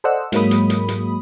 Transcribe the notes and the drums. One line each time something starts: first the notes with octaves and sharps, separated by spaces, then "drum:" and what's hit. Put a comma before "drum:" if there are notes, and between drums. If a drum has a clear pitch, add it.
A4 C5 D5 D#5 F#5 E6
G#2 F#3 G#3 A#3 B5 D#6, drum: hi-hat
drum: hi-hat
drum: hi-hat
drum: hi-hat